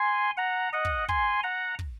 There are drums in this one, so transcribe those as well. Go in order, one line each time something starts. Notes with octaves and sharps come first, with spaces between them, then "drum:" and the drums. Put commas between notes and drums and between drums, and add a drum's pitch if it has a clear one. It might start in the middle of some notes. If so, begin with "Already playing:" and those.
Already playing: G#5 C6
F#5 A#5
D#5 F#5
drum: kick
G#5 C6, drum: kick
F#5 A#5
drum: kick